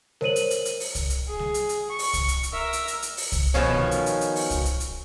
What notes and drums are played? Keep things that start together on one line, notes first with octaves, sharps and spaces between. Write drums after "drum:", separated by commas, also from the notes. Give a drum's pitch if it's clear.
A#4 C5 C#5 D#7 F#7, drum: snare G3
drum: hi-hat
drum: hi-hat
drum: hi-hat
drum: open hi-hat
drum: kick C2, hi-hat
drum: hi-hat
G#4
drum: snare G3
drum: hi-hat
drum: hi-hat
C#6
drum: open hi-hat
drum: kick C2, hi-hat
drum: hi-hat
drum: hi-hat
A#4 E5
drum: hi-hat
drum: hi-hat
drum: hi-hat
drum: open hi-hat
drum: kick C2, hi-hat
B2 D#3 F3 C#4
drum: snare G3
drum: hi-hat
drum: hi-hat
drum: hi-hat
drum: open hi-hat
drum: kick C2, hi-hat
drum: hi-hat
drum: hi-hat